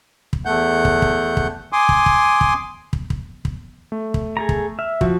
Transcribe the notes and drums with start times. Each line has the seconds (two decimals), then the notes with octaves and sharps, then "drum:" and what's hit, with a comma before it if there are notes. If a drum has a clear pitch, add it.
0.33 drum: kick
0.46 E2 A3 F#5 G6
0.85 drum: kick
1.02 drum: kick
1.37 drum: kick
1.73 G#5 C6 D6 D#6
1.89 drum: kick
2.06 drum: kick
2.41 drum: kick
2.93 drum: kick
3.10 drum: kick
3.45 drum: kick
3.92 A3
4.14 drum: kick
4.37 G#4 A4 A#5
4.49 drum: kick
4.79 E5 F6
5.01 F3 F#4, drum: kick